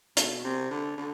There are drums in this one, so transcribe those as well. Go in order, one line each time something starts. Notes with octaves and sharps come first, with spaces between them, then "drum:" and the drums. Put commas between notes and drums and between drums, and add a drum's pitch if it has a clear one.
B2, drum: hi-hat
C3
D3
D3